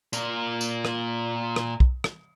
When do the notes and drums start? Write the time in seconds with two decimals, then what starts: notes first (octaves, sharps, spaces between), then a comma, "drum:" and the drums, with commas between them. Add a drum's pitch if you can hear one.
0.13 A#2 A#4, drum: tambourine
0.61 drum: tambourine
0.85 drum: rim click
1.56 drum: rim click
1.80 drum: kick
2.04 drum: rim click